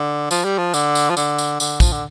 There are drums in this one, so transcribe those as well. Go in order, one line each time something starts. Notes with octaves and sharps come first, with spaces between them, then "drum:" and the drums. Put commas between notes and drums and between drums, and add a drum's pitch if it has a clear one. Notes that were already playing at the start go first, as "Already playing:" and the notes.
Already playing: D3
F3, drum: tambourine
G3
F3
D3, drum: tambourine
drum: tambourine
F3
D3, drum: tambourine
drum: tambourine
D3, drum: tambourine
F3, drum: kick, tambourine
D3